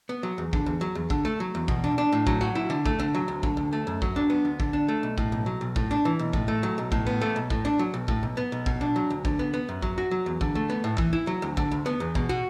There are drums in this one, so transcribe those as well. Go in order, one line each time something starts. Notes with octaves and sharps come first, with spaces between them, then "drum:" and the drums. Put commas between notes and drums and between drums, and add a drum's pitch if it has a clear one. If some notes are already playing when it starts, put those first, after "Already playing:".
B3
F#3
E2
D3, drum: kick
E2
F#3
E2
D3, drum: kick
A3
F#3
E2
B2, drum: kick
D4
D4
A2
F#3, drum: kick
F#4
E4
D3
A3, drum: kick
D3
F#3
D2
D3, drum: kick
D2
A3
F#2
F#3, drum: kick
D4
B3
D2
D3, drum: kick
D4
A3
B1
A2, drum: kick
B1
F#3
B1
A2, drum: kick
D4
E3
B1
A2, drum: kick
A3
F#3
B1
A2, drum: kick
B3
A3
B1
A2, drum: kick
D4
F#3
B1
A2, drum: kick
B1
B3
B1
B2, drum: kick
D4
F#3
D2
D3, drum: kick
B3
B3
F#2
F#3, drum: kick
F#4
F#3
E2
D3, drum: kick
A3
B3
A2
E3, drum: kick
E4
F#3
D2
D3, drum: kick
D2
B3
E2
B2, drum: kick
F#4